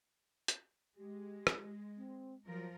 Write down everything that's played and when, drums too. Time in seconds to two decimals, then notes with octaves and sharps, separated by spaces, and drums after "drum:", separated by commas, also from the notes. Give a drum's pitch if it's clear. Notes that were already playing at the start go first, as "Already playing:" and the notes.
0.48 drum: hi-hat
0.97 G#3 G4
1.47 drum: rim click
1.97 C4
2.46 F3 F#3 A#4